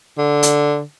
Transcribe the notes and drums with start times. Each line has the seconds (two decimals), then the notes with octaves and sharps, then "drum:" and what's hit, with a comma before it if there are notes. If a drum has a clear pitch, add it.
0.18 D3
0.43 drum: hi-hat